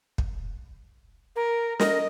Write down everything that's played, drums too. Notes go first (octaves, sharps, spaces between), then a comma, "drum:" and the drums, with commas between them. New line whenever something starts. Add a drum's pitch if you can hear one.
drum: kick
A#4
A#4 D#5, drum: snare